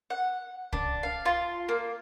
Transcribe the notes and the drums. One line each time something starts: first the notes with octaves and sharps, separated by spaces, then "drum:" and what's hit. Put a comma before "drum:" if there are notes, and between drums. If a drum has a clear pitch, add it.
F#5
D4, drum: kick C2
F5
F4
A#3